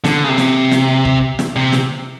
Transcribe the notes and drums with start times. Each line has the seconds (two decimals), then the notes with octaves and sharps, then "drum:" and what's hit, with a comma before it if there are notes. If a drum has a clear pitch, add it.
0.04 D3, drum: snare
0.24 C#3
0.29 C3
0.38 drum: snare
0.71 drum: snare
1.05 drum: kick
1.39 drum: snare
1.56 C3
1.72 drum: snare